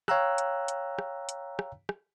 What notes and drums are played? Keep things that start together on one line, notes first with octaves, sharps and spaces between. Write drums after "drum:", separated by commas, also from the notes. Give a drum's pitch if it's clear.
C#5 F5 G5 A#5 E6 F#6, drum: rim click
drum: hi-hat
drum: hi-hat
drum: rim click
drum: hi-hat
drum: rim click
drum: rim click